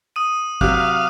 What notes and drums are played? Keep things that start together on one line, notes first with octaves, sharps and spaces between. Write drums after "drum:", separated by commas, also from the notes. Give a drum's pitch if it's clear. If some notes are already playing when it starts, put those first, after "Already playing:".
D#6 D#7
C3 F#3 F5 D6 F#6, drum: kick